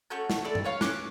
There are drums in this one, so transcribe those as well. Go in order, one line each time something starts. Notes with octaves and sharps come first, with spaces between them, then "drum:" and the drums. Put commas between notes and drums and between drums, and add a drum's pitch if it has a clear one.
A3 C#4 F#4 G6
drum: snare
A4 D5 B5
drum: tom G2
B4 C#5 F5
C#4 D6 F#6, drum: snare